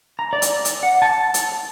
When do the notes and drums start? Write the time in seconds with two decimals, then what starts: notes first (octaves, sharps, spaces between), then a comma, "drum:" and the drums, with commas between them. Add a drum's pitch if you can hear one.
0.19 A#5
0.33 D5
0.42 drum: hi-hat
0.65 drum: hi-hat
0.83 F#5
1.02 A5
1.34 drum: hi-hat